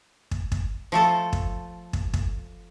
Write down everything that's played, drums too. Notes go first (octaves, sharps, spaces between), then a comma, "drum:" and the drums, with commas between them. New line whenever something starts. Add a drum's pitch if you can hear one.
drum: kick
drum: kick
F3 A3 A4
drum: kick
drum: kick
drum: kick